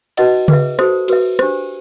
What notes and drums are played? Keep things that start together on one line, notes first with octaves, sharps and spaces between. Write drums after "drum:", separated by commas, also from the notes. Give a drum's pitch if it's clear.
D#4 F#4 B4 D#5 F#5, drum: cymbal
G#4 B4 E5, drum: tom C#3
D#4 F#4 A4 C5, drum: rim click
F#4 B4 E5, drum: cymbal
D4 G4 C5, drum: rim click